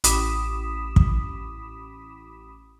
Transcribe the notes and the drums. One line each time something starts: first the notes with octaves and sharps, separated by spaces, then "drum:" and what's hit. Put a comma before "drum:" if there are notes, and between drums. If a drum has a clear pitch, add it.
A1 B5 D6 D#6 B6 E7, drum: hi-hat
drum: kick